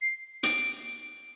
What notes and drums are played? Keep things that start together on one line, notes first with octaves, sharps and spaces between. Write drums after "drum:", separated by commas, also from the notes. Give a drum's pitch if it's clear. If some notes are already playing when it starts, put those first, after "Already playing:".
C7
D7, drum: hi-hat